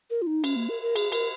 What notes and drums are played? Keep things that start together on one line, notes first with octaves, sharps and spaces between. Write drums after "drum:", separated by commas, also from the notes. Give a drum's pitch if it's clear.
A#4
F4
D#4
C#4, drum: cymbal
A#3
A#4
A#4
G#4, drum: cymbal
A#4, drum: cymbal